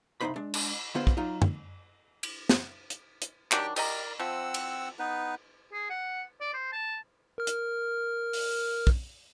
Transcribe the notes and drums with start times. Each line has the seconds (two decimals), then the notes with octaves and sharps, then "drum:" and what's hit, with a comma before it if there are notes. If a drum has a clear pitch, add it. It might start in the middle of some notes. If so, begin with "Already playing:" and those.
0.21 C2 G2 C#3 D#4 C5 B5
0.36 G#3 D4
0.54 drum: cymbal
0.95 D3 B3 F4 G#4 C5
1.07 drum: kick
1.17 F#3 D#4 F4
1.42 drum: tom F#2
2.23 drum: cymbal
2.49 drum: snare
2.90 drum: hi-hat
3.22 drum: hi-hat
3.52 D#3 F#3 D4 G4 G5, drum: clap
3.76 G4 A#4 D5 D#5 A#5, drum: cymbal
4.20 F3 C4 F#5 E6
4.54 drum: cymbal
4.99 B3 D#4 B4
5.72 G#4
5.90 F#5
6.41 D5
6.54 C5
6.73 A5
7.38 A#4 F6
7.47 drum: hi-hat
8.33 drum: open hi-hat
8.87 drum: kick